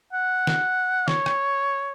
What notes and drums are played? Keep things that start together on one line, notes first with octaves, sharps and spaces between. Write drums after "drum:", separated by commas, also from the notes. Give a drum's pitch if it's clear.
F#5
drum: snare
C#5, drum: snare
drum: rim click